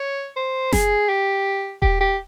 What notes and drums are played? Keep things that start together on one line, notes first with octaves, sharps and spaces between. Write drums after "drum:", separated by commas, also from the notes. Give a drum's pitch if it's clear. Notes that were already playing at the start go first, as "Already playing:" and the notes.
Already playing: C#5
C5
G#4, drum: snare F#1
G4
G4, drum: kick D#1
G4